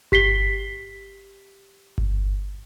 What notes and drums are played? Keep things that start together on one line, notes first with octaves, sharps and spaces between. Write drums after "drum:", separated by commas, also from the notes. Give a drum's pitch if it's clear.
G4 B6 C7 G7, drum: kick G1
drum: kick G1